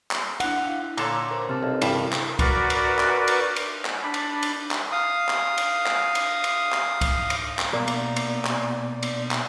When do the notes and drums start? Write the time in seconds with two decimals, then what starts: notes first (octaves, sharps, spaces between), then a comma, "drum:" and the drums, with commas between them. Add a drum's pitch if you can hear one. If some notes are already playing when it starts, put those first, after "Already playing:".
0.11 drum: clap
0.40 D4 E4 F#5, drum: cymbal
0.62 E4 F5 G5
0.98 A#2 D3 A4 C#5 A#5, drum: cymbal
1.31 A#4 C5
1.49 C3 A5 F6
1.63 B1
1.81 A1 G2 E4 G#4 A#4 E5, drum: cymbal
2.13 drum: clap
2.39 F#4 A#4 B4 D5, drum: kick C2, cymbal
2.70 drum: cymbal
2.99 drum: clap
3.28 drum: cymbal
3.56 drum: cymbal
3.85 drum: clap
4.02 D4 B5
4.14 drum: cymbal
4.43 drum: cymbal
4.71 drum: clap
4.92 F5 D#6
5.29 drum: clap
5.58 drum: cymbal
5.86 drum: clap
6.15 drum: cymbal
6.44 drum: cymbal
6.73 drum: clap
7.01 drum: kick C2, cymbal
7.30 drum: cymbal
7.59 drum: clap
7.73 B2 A#3 D5
7.88 drum: cymbal
8.16 drum: cymbal
8.45 drum: clap
9.03 drum: cymbal
9.31 drum: clap